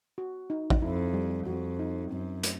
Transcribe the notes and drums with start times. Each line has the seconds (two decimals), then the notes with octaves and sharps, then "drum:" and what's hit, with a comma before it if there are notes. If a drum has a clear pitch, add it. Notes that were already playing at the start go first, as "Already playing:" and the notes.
0.18 F#4
0.50 D#4
0.70 drum: kick A1
0.82 F2 E4
1.14 G3
1.47 F2 F#4
1.79 D#4
2.11 F#2 C4
2.43 A3, drum: hi-hat